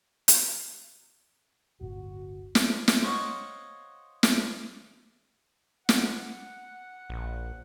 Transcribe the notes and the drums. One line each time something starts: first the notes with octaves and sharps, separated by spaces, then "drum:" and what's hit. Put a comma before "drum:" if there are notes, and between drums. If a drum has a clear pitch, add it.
drum: hi-hat
D1 G1 F#4
drum: snare
drum: snare
C5 C#5 D#5 F5 F#5 C#6
drum: snare
F#5, drum: snare
A#1